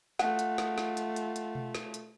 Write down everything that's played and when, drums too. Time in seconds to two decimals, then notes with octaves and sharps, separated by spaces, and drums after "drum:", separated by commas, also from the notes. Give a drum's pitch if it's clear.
0.19 A3 F4 F#5, drum: snare
0.39 drum: hi-hat
0.58 drum: snare
0.78 drum: snare
0.97 drum: hi-hat
1.16 drum: hi-hat
1.36 drum: hi-hat
1.55 drum: tom B2
1.75 drum: snare
1.94 drum: hi-hat